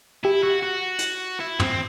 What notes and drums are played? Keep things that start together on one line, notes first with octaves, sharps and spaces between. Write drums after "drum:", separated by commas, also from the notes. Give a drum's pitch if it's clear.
E4 G4
F#4
F#4
drum: hi-hat
E4
C4, drum: tom